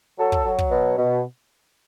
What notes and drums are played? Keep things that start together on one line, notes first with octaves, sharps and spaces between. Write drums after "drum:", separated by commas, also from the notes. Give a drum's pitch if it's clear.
F#3 A4
drum: kick
F#3
drum: kick
B2
B2